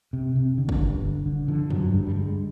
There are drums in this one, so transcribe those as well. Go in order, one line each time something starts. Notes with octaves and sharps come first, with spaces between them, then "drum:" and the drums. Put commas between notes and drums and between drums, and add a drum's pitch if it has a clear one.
C3
C3
D3
drum: kick
G2
D3
D3
D3 F3
G2 F#3, drum: tom F2
G2 G3
G3
D3 G#3